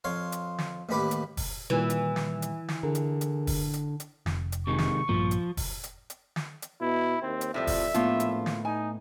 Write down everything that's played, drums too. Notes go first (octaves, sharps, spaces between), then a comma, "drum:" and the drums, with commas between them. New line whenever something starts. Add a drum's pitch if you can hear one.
F2 C#5 F5 C6
drum: hi-hat
drum: snare
A1 D#2 G4 B4 B5 D6
drum: hi-hat
drum: kick, open hi-hat
A#2 D#3 E3 G3
drum: hi-hat
drum: snare
drum: hi-hat
drum: snare
D3 G#4 A#4
drum: hi-hat
drum: hi-hat
drum: kick, open hi-hat
drum: hi-hat
drum: hi-hat
F1, drum: snare
drum: hi-hat
C3 D#3 G#3 C#6
drum: snare
A#1 G2 F3 A#3
drum: hi-hat
drum: kick, open hi-hat
drum: hi-hat
drum: hi-hat
drum: snare
drum: hi-hat
B2 E4
D#2 C4
drum: hi-hat
F2 A2 F3 G3 E5
drum: kick, open hi-hat
A#1 A2 B3 F4, drum: hi-hat
drum: hi-hat
drum: snare
D#4 G#5